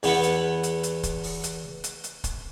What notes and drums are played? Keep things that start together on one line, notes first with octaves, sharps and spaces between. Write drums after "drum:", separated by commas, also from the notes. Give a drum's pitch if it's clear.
E2 B3 B4 F#5, drum: open hi-hat
drum: hi-hat
drum: hi-hat
drum: hi-hat
drum: kick, hi-hat
drum: open hi-hat
drum: hi-hat
drum: hi-hat
drum: hi-hat
drum: kick, hi-hat